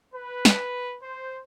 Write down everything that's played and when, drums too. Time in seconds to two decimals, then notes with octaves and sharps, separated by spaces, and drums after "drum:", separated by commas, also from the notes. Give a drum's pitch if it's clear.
0.14 B4
0.45 drum: snare
1.03 C5